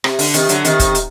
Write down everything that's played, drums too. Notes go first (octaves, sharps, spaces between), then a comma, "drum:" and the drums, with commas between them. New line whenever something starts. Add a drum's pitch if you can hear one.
C3, drum: rim click
D3, drum: open hi-hat
C3 D#3, drum: hi-hat
D3 F#3, drum: hi-hat
C3 D#3, drum: hi-hat
drum: kick, hi-hat
drum: hi-hat